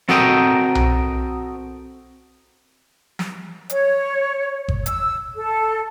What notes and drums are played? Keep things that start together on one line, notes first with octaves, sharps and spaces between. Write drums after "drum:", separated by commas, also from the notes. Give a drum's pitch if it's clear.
C4 F#4 A4 A#4 D#5 G5, drum: snare
drum: tom B1
drum: snare
C#5, drum: hi-hat
drum: kick G1
E6, drum: hi-hat
A4